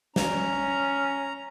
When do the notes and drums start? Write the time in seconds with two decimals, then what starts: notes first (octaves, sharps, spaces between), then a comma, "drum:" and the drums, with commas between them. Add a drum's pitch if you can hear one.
0.16 C#4 A#5, drum: snare